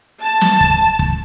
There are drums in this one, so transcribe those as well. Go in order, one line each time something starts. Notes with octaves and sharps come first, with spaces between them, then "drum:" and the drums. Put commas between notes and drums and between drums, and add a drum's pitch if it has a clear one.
A5
drum: snare
drum: kick
drum: kick